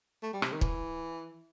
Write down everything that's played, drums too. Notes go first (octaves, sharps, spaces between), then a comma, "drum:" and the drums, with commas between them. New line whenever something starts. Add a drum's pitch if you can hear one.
A3
G3
C3, drum: rim click
D#3
E3, drum: kick